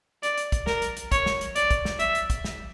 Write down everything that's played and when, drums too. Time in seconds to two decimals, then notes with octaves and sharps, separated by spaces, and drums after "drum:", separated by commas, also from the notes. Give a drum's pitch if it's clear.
0.23 D5, drum: hi-hat
0.38 drum: hi-hat
0.52 drum: kick, hi-hat
0.67 A#4, drum: snare
0.82 drum: hi-hat
0.97 drum: hi-hat
1.12 C#5, drum: kick, hi-hat
1.26 drum: snare
1.41 drum: hi-hat
1.56 D5, drum: hi-hat
1.71 drum: kick, hi-hat
1.85 drum: snare
2.00 E5, drum: hi-hat
2.15 drum: hi-hat
2.30 drum: kick, hi-hat
2.44 drum: snare